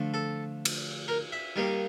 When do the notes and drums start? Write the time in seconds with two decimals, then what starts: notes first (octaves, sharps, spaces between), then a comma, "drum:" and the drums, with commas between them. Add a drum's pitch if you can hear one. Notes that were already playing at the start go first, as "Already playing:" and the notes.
Already playing: D3 F3 A3
0.14 A4
0.65 drum: cymbal
1.08 A#4
1.32 E5
1.56 D#3 G3 A#3